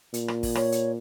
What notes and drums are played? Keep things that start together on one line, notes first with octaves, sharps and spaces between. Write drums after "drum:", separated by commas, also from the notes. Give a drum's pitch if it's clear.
A#2, drum: hi-hat
drum: rim click
drum: kick, open hi-hat
C#5, drum: rim click
drum: hi-hat